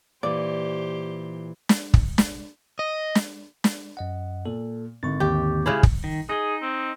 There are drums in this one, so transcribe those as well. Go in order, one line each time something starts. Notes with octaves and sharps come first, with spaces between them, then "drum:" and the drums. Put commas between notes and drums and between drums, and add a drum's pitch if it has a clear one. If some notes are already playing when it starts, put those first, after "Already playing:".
A#2 E3 G4 C5 D5
drum: snare
drum: kick
drum: snare
D#5
drum: snare
drum: snare
F#2 D#5 F#5
A#2 A4
G#1 D3 C#6 A6
D#2 G4
C#3 G#3 E4 C#5 F6
drum: kick
D#3
D#4 G#4 D#5
C4